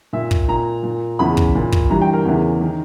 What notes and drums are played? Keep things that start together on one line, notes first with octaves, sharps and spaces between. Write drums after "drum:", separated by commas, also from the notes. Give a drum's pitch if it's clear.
A#2 E5
drum: kick
A#2 A#5
A#2
E2 C#3 E3 B5
drum: kick
A#2
drum: kick
G2 E3 A#5
G5
A#4
E2 C#3 E3
D#3